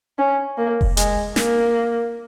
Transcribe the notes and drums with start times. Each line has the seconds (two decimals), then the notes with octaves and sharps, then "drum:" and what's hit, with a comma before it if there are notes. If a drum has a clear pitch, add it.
0.18 C#4
0.58 A#3
0.81 drum: kick F1
0.97 G#3, drum: hi-hat
1.36 A#3, drum: snare